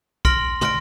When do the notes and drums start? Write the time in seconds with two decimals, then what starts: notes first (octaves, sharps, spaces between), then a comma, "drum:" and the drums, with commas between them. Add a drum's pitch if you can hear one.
0.25 C6 F6 A#6 D7 F#7, drum: kick B1
0.61 C6 F6 A#6 D7, drum: tom